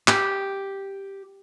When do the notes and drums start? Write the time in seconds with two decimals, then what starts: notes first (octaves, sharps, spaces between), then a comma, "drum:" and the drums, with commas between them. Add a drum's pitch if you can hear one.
0.08 G4, drum: clap